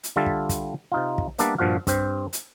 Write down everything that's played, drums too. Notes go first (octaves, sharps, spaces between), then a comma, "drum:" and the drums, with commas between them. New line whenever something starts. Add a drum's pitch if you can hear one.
drum: hi-hat
D3 G3 F4 E5 A5
drum: kick
drum: kick, hi-hat
C3 D#4 F4
drum: kick
G3 A#3 B3 D4 D5 E5, drum: hi-hat
G2 A#2 F3 F#4 F5
G2 C4 C5, drum: kick, hi-hat
drum: hi-hat